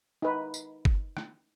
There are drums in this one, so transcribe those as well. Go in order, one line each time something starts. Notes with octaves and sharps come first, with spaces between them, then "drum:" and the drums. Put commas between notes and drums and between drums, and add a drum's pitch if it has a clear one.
D#4 B4
drum: tambourine
drum: kick G1
drum: rim click